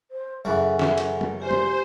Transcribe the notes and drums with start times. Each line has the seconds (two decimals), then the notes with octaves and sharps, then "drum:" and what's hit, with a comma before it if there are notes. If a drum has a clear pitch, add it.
0.11 C5
0.45 F#2 C#3 E3 A4 E5 F#5 G#5
0.79 drum: snare
0.98 drum: cymbal
1.21 drum: tom
1.40 F4 G4 C5 D5 G#5
1.51 drum: tom